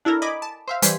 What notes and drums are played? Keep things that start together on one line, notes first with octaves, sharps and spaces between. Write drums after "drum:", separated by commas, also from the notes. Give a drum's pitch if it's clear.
D4 E4 A4 A#4
D#5 G#5 B5 D6
A5
C5 E5 F5
E3 G3 C5 G#5 B6, drum: hi-hat